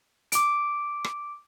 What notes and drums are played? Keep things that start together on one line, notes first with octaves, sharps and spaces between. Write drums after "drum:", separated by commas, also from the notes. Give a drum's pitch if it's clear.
D6 D7, drum: hi-hat
drum: rim click